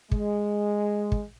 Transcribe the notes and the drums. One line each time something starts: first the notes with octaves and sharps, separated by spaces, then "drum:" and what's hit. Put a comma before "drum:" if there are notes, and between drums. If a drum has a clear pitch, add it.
G#3, drum: kick
drum: kick